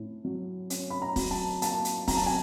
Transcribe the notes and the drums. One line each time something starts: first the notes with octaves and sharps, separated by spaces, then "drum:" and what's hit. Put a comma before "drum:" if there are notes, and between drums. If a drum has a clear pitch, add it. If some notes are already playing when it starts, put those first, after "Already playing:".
Already playing: A2 C#4
F#3
C#4, drum: hi-hat
B5
A#5
F#3, drum: kick, open hi-hat
A5
A#3 A5, drum: hi-hat
drum: hi-hat
F#3 A#5, drum: kick, open hi-hat
A5
G#5